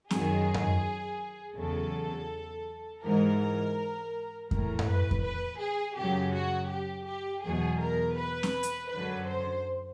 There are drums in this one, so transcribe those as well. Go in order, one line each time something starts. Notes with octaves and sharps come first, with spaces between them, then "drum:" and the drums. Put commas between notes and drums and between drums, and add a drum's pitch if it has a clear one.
F#2 D#3 F#3 G#4, drum: snare C4
drum: tom F#2
E2 C#3 F#3 A4
G#2 E3 A#4
A2 E3 A#4, drum: kick F2
drum: tom F#2
B4
drum: kick F2
B4
G#4
F#2 C#3 F#3 G4
F#4
G4
G4
E2 B2 F#3 G#4
A#4
B4
drum: snare C4
drum: hi-hat
F#2 D3 F#3 B4
C5